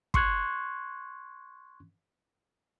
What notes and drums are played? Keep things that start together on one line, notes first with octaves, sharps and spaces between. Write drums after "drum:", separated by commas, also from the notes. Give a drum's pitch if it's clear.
C6 C#6 F#6 G#6, drum: kick